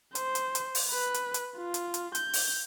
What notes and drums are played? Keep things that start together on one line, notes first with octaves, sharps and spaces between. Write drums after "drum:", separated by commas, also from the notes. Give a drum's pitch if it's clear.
C5, drum: hi-hat
drum: hi-hat
drum: hi-hat
drum: open hi-hat
B4
drum: hi-hat
drum: hi-hat
F4
drum: hi-hat
drum: hi-hat
G6, drum: hi-hat
drum: open hi-hat